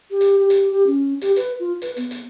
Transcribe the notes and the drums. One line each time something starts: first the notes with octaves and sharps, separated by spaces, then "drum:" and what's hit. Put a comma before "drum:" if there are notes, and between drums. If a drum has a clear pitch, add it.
G4
drum: hi-hat
G4
drum: hi-hat
G4
C#4
G4, drum: hi-hat
B4, drum: hi-hat
F4
B4, drum: hi-hat
B3, drum: hi-hat
drum: hi-hat